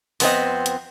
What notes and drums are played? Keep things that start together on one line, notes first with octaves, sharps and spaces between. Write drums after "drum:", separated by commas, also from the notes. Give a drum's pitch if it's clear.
F2 B3 C4 D#5, drum: open hi-hat
drum: hi-hat